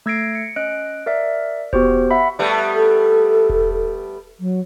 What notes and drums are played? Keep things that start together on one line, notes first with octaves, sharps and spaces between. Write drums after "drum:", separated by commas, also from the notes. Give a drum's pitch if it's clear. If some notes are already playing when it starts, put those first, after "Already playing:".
A3 E6 G#6 A#6 C7 D7
C#7
C#4 D#5 F#6 D7
A#4 D5 E5
B3 F#4 G4 C5, drum: kick E1
E5 F#5 B5
G3 A3 B3
A4
drum: kick E1
F#3